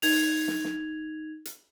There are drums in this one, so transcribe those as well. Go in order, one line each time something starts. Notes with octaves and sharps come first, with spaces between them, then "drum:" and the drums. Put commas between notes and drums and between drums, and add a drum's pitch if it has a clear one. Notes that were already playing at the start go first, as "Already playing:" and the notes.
D#4 G#6 F7, drum: open hi-hat
drum: snare
drum: snare
drum: hi-hat